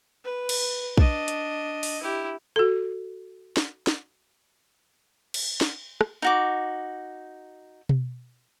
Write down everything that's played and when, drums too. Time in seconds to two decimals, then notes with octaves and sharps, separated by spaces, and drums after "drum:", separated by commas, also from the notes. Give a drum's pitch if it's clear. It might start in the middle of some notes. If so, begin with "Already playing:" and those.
0.24 B4
0.49 drum: cymbal
0.97 D4 D#5, drum: kick
1.28 drum: hi-hat
1.83 drum: open hi-hat
2.02 E4 G4
2.56 F#4 A4
3.57 drum: snare
3.87 drum: snare
5.34 drum: cymbal
5.61 drum: snare
6.01 drum: rim click
6.22 D#4 F#4 D6
7.89 drum: tom B2